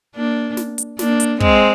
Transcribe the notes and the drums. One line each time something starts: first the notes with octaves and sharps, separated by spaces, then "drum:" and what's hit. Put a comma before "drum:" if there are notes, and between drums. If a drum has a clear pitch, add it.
A#3 D4
drum: snare
drum: hi-hat
A#3 D4, drum: snare
drum: hi-hat
G#3 C4, drum: kick